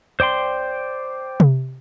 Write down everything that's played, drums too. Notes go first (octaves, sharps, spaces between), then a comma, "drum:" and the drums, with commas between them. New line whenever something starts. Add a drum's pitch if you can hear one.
C5 D5 G5 C6
drum: tom C3